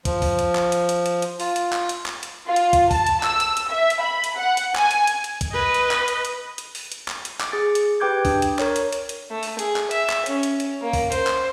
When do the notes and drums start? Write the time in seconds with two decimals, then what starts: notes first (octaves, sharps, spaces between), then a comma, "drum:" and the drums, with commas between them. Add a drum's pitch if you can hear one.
0.05 F3, drum: kick, hi-hat
0.22 drum: kick, open hi-hat
0.39 drum: hi-hat
0.55 drum: clap
0.72 drum: hi-hat
0.89 drum: hi-hat
1.06 drum: hi-hat
1.22 drum: hi-hat
1.40 F4, drum: open hi-hat
1.56 drum: hi-hat
1.73 drum: clap
1.89 drum: hi-hat
2.06 drum: clap
2.23 drum: hi-hat
2.47 F4
2.56 drum: hi-hat
2.73 drum: kick, hi-hat
2.91 A5, drum: kick, open hi-hat
3.07 drum: hi-hat
3.23 E6, drum: clap
3.40 drum: hi-hat
3.57 drum: hi-hat
3.70 E5
3.90 drum: hi-hat
4.02 B5
4.24 drum: hi-hat
4.36 F#5
4.57 drum: hi-hat
4.76 G#5, drum: clap
4.91 drum: hi-hat
5.07 drum: hi-hat
5.24 drum: hi-hat
5.41 drum: kick, hi-hat
5.53 B4 D#5
5.74 drum: hi-hat
5.91 drum: clap
6.08 drum: hi-hat
6.25 drum: hi-hat
6.58 drum: hi-hat
6.75 drum: open hi-hat
6.92 drum: hi-hat
7.08 drum: clap
7.25 drum: hi-hat
7.40 D6, drum: clap
7.52 G#4 A6
7.75 drum: hi-hat
8.00 G4 B4 G5 D6 G6 G#6
8.25 D4, drum: kick, open hi-hat
8.42 drum: hi-hat
8.59 A#4 C#5, drum: clap
8.76 drum: hi-hat
8.93 drum: hi-hat
9.09 drum: hi-hat
9.30 A3
9.43 drum: open hi-hat
9.59 G#4, drum: hi-hat
9.76 drum: clap
9.91 E5, drum: hi-hat
10.10 drum: clap
10.26 C#4, drum: hi-hat
10.43 drum: hi-hat
10.60 drum: hi-hat
10.82 A#3
10.93 drum: kick, open hi-hat
11.12 C5, drum: hi-hat
11.27 drum: clap